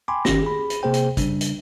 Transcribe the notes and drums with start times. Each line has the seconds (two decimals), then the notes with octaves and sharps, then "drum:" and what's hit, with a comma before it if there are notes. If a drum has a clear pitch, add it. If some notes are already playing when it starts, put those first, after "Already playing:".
0.08 G5 G#5 B5 C6 D6
0.25 G1 D#3 C#4 G4 A#6, drum: snare
0.42 G#4 B5
0.70 drum: hi-hat
0.83 C3 A#3 G#4 C5 G5
0.94 drum: hi-hat
1.17 C#3 G3 D4, drum: kick, hi-hat
1.41 drum: hi-hat